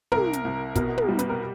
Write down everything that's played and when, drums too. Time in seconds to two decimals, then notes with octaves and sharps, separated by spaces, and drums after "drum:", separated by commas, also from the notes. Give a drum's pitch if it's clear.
0.12 C2 A#4, drum: tom
0.33 drum: hi-hat
0.45 C2
0.76 B2 A#4, drum: kick, hi-hat
0.98 drum: tom
1.08 G3
1.19 B4, drum: hi-hat
1.29 A#4